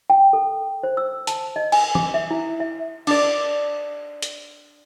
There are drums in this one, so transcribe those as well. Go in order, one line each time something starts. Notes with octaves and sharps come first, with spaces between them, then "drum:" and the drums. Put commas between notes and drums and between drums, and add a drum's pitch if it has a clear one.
G5
A4
C5
E6
A5, drum: hi-hat
D#5
G#5, drum: cymbal
D6, drum: tom
E5
E4
E5
D4 D5, drum: cymbal
drum: hi-hat